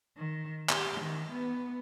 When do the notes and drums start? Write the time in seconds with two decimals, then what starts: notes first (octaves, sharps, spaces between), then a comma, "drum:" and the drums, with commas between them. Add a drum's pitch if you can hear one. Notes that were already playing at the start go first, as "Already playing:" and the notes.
0.17 D#3
0.69 G4, drum: clap
1.01 D#3
1.32 B3